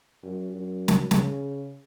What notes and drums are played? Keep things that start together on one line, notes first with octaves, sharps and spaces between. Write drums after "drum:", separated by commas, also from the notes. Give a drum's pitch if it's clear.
F#2
F#2
drum: snare
C#3, drum: snare